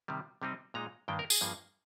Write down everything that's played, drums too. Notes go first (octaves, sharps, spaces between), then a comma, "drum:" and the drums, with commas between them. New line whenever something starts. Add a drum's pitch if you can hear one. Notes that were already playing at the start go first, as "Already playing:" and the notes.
C3 D#3 G3
C3 G3 C4 D#4
A#2 G#3 D#4 A#5
G2 D#3 A#3 D4 G5
A#4
G#4, drum: tambourine
G2 F3 A#3